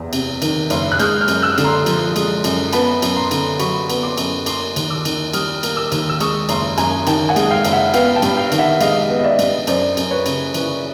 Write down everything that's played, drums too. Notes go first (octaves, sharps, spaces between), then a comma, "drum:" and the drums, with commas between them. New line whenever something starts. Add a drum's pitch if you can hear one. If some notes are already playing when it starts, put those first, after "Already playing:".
Already playing: F#1 E2
C3, drum: cymbal
D#3, drum: cymbal
F#1, drum: cymbal
F#6
G#3 F6 G6, drum: cymbal
F6 G6
F#2, drum: cymbal
E6 F#6
D3, drum: cymbal
A#5 C6
F3, drum: cymbal
G#3, drum: cymbal
F#2, drum: cymbal
B3 A5 B5, drum: cymbal
F#2, drum: cymbal
A#5 C6
D3, drum: cymbal
F#3 B5 C#6, drum: cymbal
B3, drum: cymbal
C6 D6
F#2, drum: cymbal
A#3 C6 D6, drum: cymbal
D#2, drum: cymbal
D6 E6
D#3, drum: cymbal
G3 D#6 F6, drum: cymbal
A#3, drum: cymbal
D6 E6
D#2, drum: cymbal
E6
G#3 C#6 D#6, drum: cymbal
F#1 A#5 C6, drum: cymbal
F#2 G#5 A#5, drum: cymbal
D#3 G5 A5, drum: cymbal
F#5 G#5
G#3, drum: cymbal
F5 G5
F#1, drum: cymbal
E5 F#5
B3 F5 G5, drum: cymbal
G5 A5
G2, drum: cymbal
F5 G5
D#3, drum: cymbal
E5 F#5
G#3 D#5 F5, drum: cymbal
B3
D#5
D5 E5
G2, drum: cymbal
F#2 C5 D5, drum: cymbal
F#2, drum: cymbal
B4 C#5
C#3, drum: cymbal
E3 B4, drum: cymbal